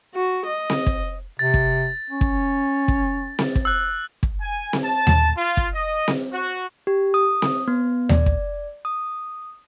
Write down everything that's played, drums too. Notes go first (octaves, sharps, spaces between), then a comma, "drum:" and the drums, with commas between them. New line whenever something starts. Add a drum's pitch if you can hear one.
F#4
D#5
drum: snare C4
drum: kick
C3 A6
drum: kick
C#4
drum: kick
drum: kick
drum: snare C4
drum: kick
E6 F#6
drum: kick
G#5
drum: snare C4
A5
drum: tom D#2
F4
drum: kick
D#5
drum: snare C4
F#4
G4
D#6
drum: snare C4
B3
D5, drum: tom D#2
drum: kick
D#6